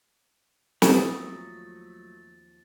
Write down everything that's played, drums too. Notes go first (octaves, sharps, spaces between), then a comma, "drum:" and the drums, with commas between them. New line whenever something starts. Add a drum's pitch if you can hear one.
D#2 F3 F#3 A3 C4 C#6 D#6 A6, drum: snare